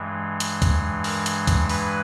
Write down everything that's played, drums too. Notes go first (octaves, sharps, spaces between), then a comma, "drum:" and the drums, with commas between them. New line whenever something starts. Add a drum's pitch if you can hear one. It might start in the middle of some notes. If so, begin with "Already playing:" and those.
Already playing: G2 E3 G#3
drum: hi-hat
drum: kick, hi-hat
A#4, drum: open hi-hat
drum: hi-hat
drum: kick, hi-hat
B4, drum: open hi-hat